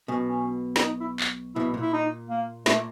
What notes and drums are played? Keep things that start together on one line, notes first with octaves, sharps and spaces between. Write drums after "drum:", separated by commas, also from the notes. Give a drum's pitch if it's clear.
B1 B2 C#4
C#4
D4, drum: snare
D#4
E4
drum: clap
B1 B2 E4
A#2
E4
D#4
A#3
A#2 A3, drum: snare